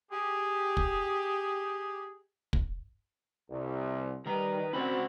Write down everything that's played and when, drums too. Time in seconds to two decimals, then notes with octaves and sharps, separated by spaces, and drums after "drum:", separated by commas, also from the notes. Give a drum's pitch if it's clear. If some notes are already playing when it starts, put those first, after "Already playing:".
0.12 G4 G#4
0.77 drum: kick
2.53 drum: kick
3.50 C2
4.26 D#3 G3 B4 A#5
4.73 C4 C#4 F#4 C5 D5 B5